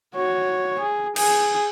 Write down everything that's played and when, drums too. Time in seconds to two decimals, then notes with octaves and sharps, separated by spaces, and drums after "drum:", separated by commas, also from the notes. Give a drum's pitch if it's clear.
0.15 F#4 C#5
0.79 G#4
1.16 G#4, drum: cymbal